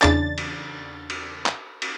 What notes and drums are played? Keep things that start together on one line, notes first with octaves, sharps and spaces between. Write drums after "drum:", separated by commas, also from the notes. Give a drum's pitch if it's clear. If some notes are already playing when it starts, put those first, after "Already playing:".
E2 C#3 D4 A6, drum: clap
drum: cymbal
drum: cymbal
drum: clap
drum: cymbal